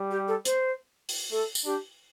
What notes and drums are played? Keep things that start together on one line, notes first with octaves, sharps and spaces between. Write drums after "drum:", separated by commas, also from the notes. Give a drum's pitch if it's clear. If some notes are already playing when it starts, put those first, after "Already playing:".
Already playing: G3
G4
A4
C5, drum: hi-hat
drum: open hi-hat
A3 A4
drum: tambourine
D4 G4